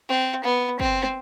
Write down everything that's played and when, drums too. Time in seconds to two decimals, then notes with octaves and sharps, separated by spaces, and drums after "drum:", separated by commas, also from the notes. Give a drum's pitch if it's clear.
0.09 C4
0.44 B3
0.80 C4, drum: kick
1.03 drum: snare